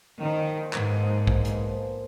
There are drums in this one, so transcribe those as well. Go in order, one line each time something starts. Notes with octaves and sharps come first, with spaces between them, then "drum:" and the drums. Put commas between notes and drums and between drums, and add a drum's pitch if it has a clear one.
D#3 F3
A#2
G#3
G#2 B3, drum: clap
F3
A#2
G#3, drum: kick
B3, drum: hi-hat
F3
A#2